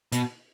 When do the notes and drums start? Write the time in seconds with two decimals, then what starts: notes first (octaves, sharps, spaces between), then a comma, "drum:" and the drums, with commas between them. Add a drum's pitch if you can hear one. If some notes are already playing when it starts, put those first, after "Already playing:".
0.12 B2, drum: hi-hat